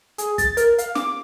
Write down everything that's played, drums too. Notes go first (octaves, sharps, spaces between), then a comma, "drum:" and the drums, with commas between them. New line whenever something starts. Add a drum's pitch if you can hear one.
G#4, drum: hi-hat
A6, drum: kick, hi-hat
A#4, drum: hi-hat
F5, drum: hi-hat
D6, drum: snare